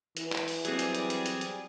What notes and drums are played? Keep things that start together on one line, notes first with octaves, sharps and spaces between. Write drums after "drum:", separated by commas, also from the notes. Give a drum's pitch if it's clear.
E3, drum: hi-hat
drum: clap
drum: open hi-hat
F#3 G3 C4 G#4 D5, drum: hi-hat
drum: hi-hat
drum: hi-hat
drum: hi-hat
drum: hi-hat
drum: hi-hat